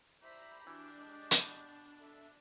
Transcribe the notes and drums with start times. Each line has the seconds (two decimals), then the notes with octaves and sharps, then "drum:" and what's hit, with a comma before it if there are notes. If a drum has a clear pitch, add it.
0.23 E4 G4 C5 D5 E5 A#5 B5
0.67 E3 D4 E4 F#4
0.98 G#3 D5 D#5
1.31 B2, drum: hi-hat
2.00 A4 E5